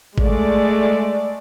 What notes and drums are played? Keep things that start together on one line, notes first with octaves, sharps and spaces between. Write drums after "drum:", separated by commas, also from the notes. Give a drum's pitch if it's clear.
G#3 A3 D5, drum: kick G#1